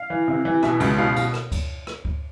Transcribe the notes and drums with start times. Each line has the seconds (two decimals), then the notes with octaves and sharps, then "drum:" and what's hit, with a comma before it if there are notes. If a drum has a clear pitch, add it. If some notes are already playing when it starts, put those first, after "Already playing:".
Already playing: F5
0.10 E3
0.28 C3
0.45 E3
0.63 B2 E5, drum: rim click
0.80 C#2, drum: cymbal
0.98 B2 F5
1.16 B2, drum: cymbal
1.34 drum: rim click
1.52 drum: kick D2, cymbal
1.87 drum: rim click
2.05 drum: kick D2